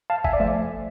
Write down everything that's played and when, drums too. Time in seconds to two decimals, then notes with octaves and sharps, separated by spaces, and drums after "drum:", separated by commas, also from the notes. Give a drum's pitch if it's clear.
0.10 F5 A5
0.24 E5 G#5, drum: kick
0.33 D5
0.40 F3 A3 C5 E5